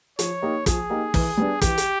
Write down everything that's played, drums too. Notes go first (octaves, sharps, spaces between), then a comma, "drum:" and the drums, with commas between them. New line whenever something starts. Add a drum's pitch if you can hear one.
F3 C#5, drum: hi-hat
A#3 D#4 G4
F3 G#4, drum: kick, hi-hat
A#3 D#4 G4
E3, drum: kick, open hi-hat
G3 B3 D4
E3 G4, drum: kick, hi-hat
drum: hi-hat